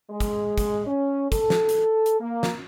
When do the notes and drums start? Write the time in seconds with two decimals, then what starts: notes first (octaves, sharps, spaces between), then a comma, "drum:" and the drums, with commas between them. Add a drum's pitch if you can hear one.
0.11 G#3
0.20 drum: kick, hi-hat
0.58 drum: kick, hi-hat
0.86 C#4
1.32 A4, drum: kick, hi-hat
1.50 drum: snare
1.69 drum: hi-hat
2.06 drum: hi-hat
2.21 A#3
2.43 drum: snare